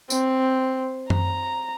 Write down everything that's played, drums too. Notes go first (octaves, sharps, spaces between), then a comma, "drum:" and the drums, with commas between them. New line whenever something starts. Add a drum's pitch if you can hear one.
C4, drum: tambourine
A#5, drum: tom F#2